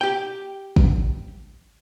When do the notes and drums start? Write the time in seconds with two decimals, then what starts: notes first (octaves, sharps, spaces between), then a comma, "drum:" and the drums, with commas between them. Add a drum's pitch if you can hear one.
0.01 G4 G5
0.76 drum: kick